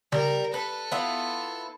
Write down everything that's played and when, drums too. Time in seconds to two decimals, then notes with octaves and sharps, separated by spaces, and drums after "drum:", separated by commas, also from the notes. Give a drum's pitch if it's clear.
0.12 G3 A#4, drum: tom C#3
0.54 A4 B4
0.92 B3 E4 F4